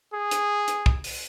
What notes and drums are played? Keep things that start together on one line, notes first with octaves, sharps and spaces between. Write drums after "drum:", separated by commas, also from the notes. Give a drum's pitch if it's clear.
G#4
drum: hi-hat
drum: hi-hat
drum: kick
drum: open hi-hat